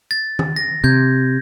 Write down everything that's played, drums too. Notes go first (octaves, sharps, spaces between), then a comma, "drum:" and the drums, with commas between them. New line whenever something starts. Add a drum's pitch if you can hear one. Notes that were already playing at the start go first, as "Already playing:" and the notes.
A6
drum: tom D#3
A#6
C3 G6 G#6